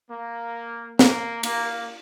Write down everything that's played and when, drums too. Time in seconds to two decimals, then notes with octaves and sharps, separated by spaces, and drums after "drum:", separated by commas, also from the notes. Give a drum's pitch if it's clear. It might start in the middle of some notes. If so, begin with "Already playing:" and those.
0.10 A#3
0.99 A#3, drum: snare
1.43 A#3, drum: cymbal